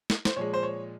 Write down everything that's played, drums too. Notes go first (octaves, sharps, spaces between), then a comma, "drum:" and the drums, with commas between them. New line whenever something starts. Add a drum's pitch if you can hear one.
drum: snare
C5, drum: snare
A#2 F3 G#3 C#5
C5
C#5